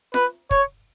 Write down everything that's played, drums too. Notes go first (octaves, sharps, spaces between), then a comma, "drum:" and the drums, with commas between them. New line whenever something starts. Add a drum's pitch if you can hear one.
B4, drum: snare F4
C#5, drum: kick